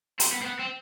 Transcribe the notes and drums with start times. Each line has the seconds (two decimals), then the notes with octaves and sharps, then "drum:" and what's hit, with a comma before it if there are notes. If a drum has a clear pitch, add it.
0.20 C4, drum: hi-hat
0.33 B3
0.42 C4
0.46 B3
0.60 C4